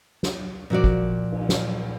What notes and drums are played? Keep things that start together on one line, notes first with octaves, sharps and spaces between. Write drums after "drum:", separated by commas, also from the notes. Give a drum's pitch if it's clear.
drum: snare
A#2 F3 F#4 D5
drum: kick
drum: cymbal
drum: snare